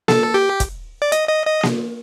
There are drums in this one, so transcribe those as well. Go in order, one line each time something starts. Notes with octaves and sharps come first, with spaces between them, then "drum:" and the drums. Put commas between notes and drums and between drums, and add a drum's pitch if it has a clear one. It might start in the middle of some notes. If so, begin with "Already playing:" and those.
A4, drum: snare A#3
G4
drum: kick, hi-hat
D5
D#5, drum: hi-hat
D#5
D#5
drum: snare A#3